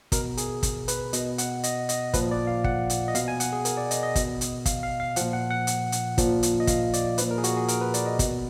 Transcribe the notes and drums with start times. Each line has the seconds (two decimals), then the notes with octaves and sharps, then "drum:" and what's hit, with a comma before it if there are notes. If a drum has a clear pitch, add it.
0.12 B2 A#4, drum: kick, hi-hat
0.37 G#4, drum: hi-hat
0.63 drum: kick, hi-hat
0.88 B4, drum: hi-hat
1.13 B2 D#5, drum: hi-hat
1.38 F#5, drum: hi-hat
1.63 D#5, drum: hi-hat
1.89 D#5, drum: hi-hat
2.14 A#2 F3 B4, drum: kick, hi-hat
2.31 D5
2.47 F5
2.64 F#5, drum: kick
2.90 drum: hi-hat
3.08 D#5
3.15 B2 F5, drum: hi-hat
3.28 G#5
3.40 F#5, drum: hi-hat
3.53 G#4
3.65 A#4, drum: hi-hat
3.77 D5
3.91 D#5, drum: hi-hat
4.03 D#5
4.15 B2, drum: kick, hi-hat
4.41 drum: hi-hat
4.66 F5, drum: kick, hi-hat
4.83 F5
5.00 F5
5.16 A#2 F3 F#5, drum: hi-hat
5.33 F#5
5.50 F#5
5.67 drum: hi-hat
5.92 drum: hi-hat
6.18 A#2 F3, drum: kick, hi-hat
6.43 drum: hi-hat
6.60 D#5
6.67 F5, drum: kick, hi-hat
6.94 D5, drum: hi-hat
7.18 A#2 F3 B4, drum: hi-hat
7.31 A#4
7.38 G#4
7.44 F#4, drum: hi-hat
7.57 G#4
7.68 A#4, drum: hi-hat
7.81 B4
7.94 D5, drum: hi-hat
8.06 D#5
8.19 B2, drum: kick, hi-hat